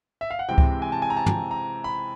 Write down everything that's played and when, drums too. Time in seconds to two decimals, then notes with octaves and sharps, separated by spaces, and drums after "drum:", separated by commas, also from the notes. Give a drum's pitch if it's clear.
0.21 E5
0.31 F5
0.39 F#5
0.48 C3 E3 G#3 C4 G5
0.58 drum: kick C#2
0.82 G#5
0.92 A5
1.02 G#5
1.10 A#5
1.17 A5
1.26 drum: tom
1.51 A#5
1.84 B5